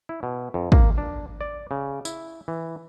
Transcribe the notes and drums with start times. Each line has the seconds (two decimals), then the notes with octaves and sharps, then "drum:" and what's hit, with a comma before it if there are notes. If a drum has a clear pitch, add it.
0.09 E4
0.23 B2
0.54 F2
0.72 A#3, drum: kick
0.98 D4
1.41 D5
1.71 C#3
2.05 E4, drum: tambourine
2.48 E3